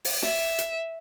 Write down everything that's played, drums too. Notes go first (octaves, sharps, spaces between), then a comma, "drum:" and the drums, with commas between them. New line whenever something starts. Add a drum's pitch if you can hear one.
drum: open hi-hat
E5, drum: snare
drum: hi-hat